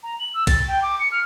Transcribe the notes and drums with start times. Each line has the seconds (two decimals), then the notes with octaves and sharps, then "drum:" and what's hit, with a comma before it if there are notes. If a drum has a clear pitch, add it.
0.03 A#5
0.19 F#7
0.34 E6
0.47 A6, drum: kick A#1, cymbal
0.67 G5
0.82 D6
0.99 C#7
1.11 F6